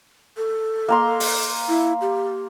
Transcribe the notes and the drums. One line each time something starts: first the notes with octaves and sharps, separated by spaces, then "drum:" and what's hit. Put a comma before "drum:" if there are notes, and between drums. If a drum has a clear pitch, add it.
A4
A#3 A#5 C6
drum: open hi-hat
E4
G4